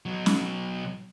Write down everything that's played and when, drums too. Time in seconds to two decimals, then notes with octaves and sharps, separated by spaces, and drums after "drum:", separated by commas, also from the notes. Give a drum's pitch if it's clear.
0.06 B2 F#3
0.26 drum: snare